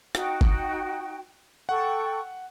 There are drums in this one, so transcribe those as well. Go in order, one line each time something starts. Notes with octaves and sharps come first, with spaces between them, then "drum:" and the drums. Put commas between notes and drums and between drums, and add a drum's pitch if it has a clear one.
D#4 F#4 G5, drum: rim click
drum: kick
A4 F#5 G5 C#6